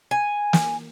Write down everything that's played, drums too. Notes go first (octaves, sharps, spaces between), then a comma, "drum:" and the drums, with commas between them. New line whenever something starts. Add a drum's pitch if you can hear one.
G#5
drum: snare